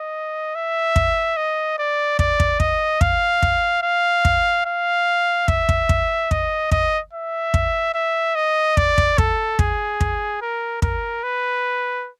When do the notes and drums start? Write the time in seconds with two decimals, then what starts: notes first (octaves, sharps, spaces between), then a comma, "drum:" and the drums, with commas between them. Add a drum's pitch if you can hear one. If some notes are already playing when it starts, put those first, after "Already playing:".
Already playing: D#5
0.55 E5
0.96 drum: kick
1.37 D#5
1.79 D5
2.19 D5, drum: kick
2.40 drum: kick
2.60 D#5, drum: kick
3.01 F5, drum: kick
3.42 drum: kick
3.83 F5
4.25 drum: kick
4.66 F5
5.48 E5, drum: kick
5.69 drum: kick
5.89 drum: kick
6.31 D#5, drum: kick
6.71 D#5, drum: kick
7.13 E5
7.54 drum: kick
7.94 E5
8.35 D#5
8.77 D5, drum: kick
8.98 drum: kick
9.18 A4, drum: kick
9.59 G#4, drum: kick
10.01 drum: kick
10.42 A#4
10.82 A#4, drum: kick
11.23 B4